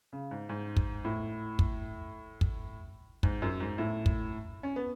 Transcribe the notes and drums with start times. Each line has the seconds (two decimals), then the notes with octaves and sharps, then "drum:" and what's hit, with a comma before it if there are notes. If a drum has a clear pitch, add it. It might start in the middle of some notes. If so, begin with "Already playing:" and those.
0.13 C#3
0.31 G#2
0.49 G#2
0.77 drum: kick
1.05 A2
1.59 drum: kick
2.41 drum: kick
3.23 G#2, drum: kick
3.42 F#2
3.60 G#2
3.78 A2
4.06 drum: kick
4.63 C#4
4.76 B3